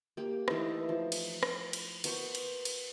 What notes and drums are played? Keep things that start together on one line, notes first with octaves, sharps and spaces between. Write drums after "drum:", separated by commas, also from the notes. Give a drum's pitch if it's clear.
A#3 G4
E3 A3 D#4 E5, drum: rim click
F3
drum: cymbal
drum: rim click
drum: cymbal
B3 F#4 A#4 C5, drum: cymbal
drum: cymbal
drum: cymbal